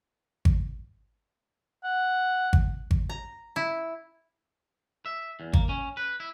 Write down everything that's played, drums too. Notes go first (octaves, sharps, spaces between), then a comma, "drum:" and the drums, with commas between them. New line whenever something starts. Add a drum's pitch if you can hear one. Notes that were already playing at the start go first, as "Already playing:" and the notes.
drum: kick G#1
F#5
drum: kick G#1
drum: kick G#1
A#5
E4
E5
E2
A#3, drum: kick G#1
C#4
B4
E4